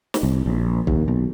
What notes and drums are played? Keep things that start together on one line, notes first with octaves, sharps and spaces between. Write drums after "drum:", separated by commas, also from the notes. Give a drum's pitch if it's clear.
drum: snare
C2
A#1
D#2, drum: kick
B1